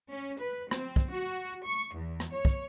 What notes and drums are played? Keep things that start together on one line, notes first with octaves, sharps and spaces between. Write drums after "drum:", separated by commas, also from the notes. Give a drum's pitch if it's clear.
C#4
B4
C4, drum: rim click
drum: kick
F#4
C#6
E2
drum: rim click
C#5
drum: kick